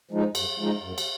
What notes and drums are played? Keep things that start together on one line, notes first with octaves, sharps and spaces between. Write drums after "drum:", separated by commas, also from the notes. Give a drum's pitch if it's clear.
F3 G#3 D#4
F#2, drum: cymbal
F3 G#3 D#4
F#2
drum: cymbal